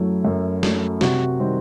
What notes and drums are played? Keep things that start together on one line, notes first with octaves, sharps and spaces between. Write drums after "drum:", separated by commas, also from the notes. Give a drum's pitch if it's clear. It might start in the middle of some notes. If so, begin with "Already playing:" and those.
Already playing: F#2 F#3 A3 E4
F#2
F#3 A3, drum: snare
C3 F#4, drum: snare
D#3 G3 C4